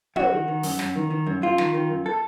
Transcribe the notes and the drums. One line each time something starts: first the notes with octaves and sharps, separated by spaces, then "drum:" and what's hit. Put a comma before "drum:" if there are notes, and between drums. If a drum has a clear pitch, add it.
F#2 F#4, drum: tom
D#3
D#3
F#2, drum: open hi-hat
F#2, drum: snare
D#3
D#3
F#2
F#2 F4
D#3, drum: snare
D#3
F#2
A4